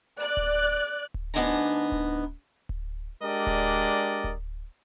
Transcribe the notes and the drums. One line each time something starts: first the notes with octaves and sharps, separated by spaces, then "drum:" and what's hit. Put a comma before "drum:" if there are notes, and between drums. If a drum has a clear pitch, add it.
D5 F#6
drum: kick D1
drum: kick D1
D2 B3 D4 D#4 G#5 A#5
drum: kick D1
drum: kick D1
G#3 D4 G4 A#4 D5 D#5
drum: kick D1
drum: kick D1